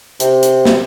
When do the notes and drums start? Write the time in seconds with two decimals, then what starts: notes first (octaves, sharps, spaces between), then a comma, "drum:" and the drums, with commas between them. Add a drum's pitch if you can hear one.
0.20 C3, drum: hi-hat
0.43 drum: hi-hat
0.65 drum: snare